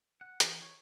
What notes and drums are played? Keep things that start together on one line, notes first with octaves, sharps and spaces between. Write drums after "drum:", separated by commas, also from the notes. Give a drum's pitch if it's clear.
F#5
E3, drum: hi-hat
C#5